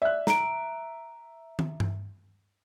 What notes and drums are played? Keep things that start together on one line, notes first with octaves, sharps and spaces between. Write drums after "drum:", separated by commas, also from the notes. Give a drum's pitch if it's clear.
D5 E5 F#6
A#5 D7, drum: snare
drum: tom
drum: tom G2